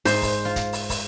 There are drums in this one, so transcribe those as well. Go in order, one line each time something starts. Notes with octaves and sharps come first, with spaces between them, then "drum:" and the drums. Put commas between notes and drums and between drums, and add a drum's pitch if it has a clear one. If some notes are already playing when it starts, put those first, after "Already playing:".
G#2 C5, drum: open hi-hat
drum: kick, open hi-hat
F4
drum: kick, hi-hat
drum: open hi-hat
drum: kick, open hi-hat